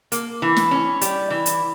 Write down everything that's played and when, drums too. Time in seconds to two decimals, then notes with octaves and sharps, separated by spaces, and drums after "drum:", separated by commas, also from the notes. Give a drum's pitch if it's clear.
0.12 A#3, drum: hi-hat
0.42 E3
0.56 drum: snare
0.71 C#4
1.01 G3, drum: hi-hat
1.30 E3
1.46 drum: hi-hat